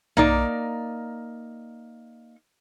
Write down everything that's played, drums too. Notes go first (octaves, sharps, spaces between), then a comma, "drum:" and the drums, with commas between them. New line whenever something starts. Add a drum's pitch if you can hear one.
A#3 D#4 D5, drum: tom B1